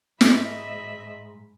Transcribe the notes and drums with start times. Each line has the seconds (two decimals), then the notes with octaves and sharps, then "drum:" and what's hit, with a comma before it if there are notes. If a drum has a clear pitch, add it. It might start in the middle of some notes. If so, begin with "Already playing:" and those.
0.21 G#2 D#5 E5 B5, drum: snare